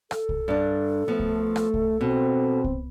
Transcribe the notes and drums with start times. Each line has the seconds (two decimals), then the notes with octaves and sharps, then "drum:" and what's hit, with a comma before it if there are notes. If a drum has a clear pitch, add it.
0.11 A4, drum: rim click
0.29 drum: kick C2
0.48 G2 D4
1.08 F3 A3 B3
1.19 drum: kick C2
1.56 drum: rim click
1.74 drum: kick C2
2.01 B2 C4
2.64 drum: kick C2